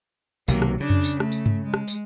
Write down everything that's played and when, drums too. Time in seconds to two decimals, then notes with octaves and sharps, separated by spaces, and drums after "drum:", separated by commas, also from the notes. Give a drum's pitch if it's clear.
0.48 B1 C3 D#3 F#3 A#3, drum: tambourine
0.62 drum: rim click
0.80 C#3 D4
0.90 drum: tom F2
1.04 drum: tambourine
1.20 A3, drum: rim click
1.32 drum: tambourine
1.46 drum: tom G2
1.64 G#3
1.74 drum: rim click
1.88 drum: tambourine